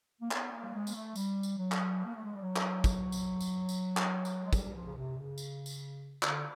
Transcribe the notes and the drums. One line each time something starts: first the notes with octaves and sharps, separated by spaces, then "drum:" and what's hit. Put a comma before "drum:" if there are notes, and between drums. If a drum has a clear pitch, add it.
A#3
B3, drum: clap
A#3
G3
G#3
A#3, drum: tambourine
A3
G3, drum: tambourine
drum: tambourine
F#3
drum: clap
A#3
A3
G#3
G3
F#3
drum: clap
drum: kick, tambourine
drum: tambourine
drum: tambourine
drum: tambourine
drum: clap
drum: tambourine
G#3
G3, drum: kick, tambourine
F3
C#3
C3
C#3
drum: tambourine
drum: tambourine
D3, drum: clap